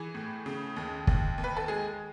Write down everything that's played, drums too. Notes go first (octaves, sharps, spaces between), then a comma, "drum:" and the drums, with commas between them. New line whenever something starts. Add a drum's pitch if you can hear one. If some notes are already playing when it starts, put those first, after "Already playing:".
Already playing: E3 G#4
A2
C#3
D#2
D#2, drum: kick
D#2
B4
A4
G#3 G#4